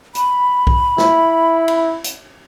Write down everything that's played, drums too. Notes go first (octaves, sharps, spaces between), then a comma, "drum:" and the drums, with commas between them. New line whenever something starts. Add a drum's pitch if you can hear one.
B5, drum: hi-hat
drum: kick B1
E4, drum: snare
drum: cymbal
drum: hi-hat